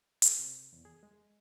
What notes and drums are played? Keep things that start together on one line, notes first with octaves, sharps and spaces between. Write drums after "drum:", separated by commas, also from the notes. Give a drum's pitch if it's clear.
A4, drum: hi-hat
C3
E2
G#4
G#3